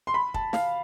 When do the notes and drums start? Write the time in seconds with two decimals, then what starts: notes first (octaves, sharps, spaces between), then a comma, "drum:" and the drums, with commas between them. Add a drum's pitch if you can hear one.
0.07 C6
0.14 B5
0.34 A5, drum: kick
0.53 F5, drum: snare